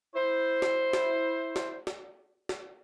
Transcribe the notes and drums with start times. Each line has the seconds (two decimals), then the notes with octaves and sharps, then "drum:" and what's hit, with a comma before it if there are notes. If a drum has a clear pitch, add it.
0.15 E4 C5
0.62 drum: snare
0.93 drum: snare
1.56 drum: snare
1.87 drum: snare
2.49 drum: snare